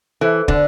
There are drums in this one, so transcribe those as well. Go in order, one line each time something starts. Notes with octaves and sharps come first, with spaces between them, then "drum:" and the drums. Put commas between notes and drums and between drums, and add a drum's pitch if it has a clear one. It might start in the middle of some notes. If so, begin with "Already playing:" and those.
E3 A4 C5 E5
D3, drum: kick